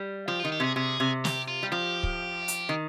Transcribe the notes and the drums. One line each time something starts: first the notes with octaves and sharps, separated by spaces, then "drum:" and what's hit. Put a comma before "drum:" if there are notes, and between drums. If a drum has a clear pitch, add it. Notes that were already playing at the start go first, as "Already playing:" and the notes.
Already playing: G3
F3 G4
F4
D#3
G4
C3 G#4
C3 G#4
C3
G4, drum: snare
F4
G3
F3 G4
drum: kick
drum: hi-hat
D#3